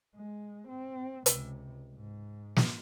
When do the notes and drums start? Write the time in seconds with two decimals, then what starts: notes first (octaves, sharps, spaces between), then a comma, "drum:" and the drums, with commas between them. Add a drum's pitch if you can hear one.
0.16 G#3
0.68 C4
1.26 C#2 C3, drum: hi-hat
1.95 G#2
2.56 drum: snare